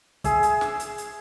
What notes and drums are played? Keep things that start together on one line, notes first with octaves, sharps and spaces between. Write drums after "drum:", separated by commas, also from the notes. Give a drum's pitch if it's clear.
G#4 E5, drum: kick, hi-hat
drum: hi-hat
drum: snare
drum: hi-hat
drum: hi-hat